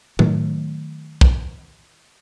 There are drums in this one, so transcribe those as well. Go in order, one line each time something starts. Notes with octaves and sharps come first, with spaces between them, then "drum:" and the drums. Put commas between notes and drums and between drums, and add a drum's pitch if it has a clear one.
D#3 F#3 A3, drum: tom A2
drum: kick